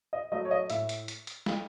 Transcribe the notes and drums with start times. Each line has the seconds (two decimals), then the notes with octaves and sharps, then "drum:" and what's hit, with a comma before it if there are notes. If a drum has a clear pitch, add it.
0.13 D#5
0.32 F#3 A3 D#5
0.45 C#5
0.51 D#5
0.70 A2 E5, drum: hi-hat
0.89 drum: hi-hat
1.08 drum: hi-hat
1.27 drum: hi-hat
1.46 drum: snare